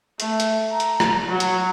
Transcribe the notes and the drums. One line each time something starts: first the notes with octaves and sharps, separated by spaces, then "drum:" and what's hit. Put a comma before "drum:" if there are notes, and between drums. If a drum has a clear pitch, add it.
A3, drum: hi-hat
drum: hi-hat
A#5
drum: hi-hat
drum: rim click
F#3
drum: hi-hat